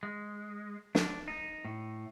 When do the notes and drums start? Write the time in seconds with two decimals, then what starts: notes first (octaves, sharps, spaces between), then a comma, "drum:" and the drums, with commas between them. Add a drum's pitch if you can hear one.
0.03 G#3
0.95 D4, drum: snare
1.28 D#4
1.65 A2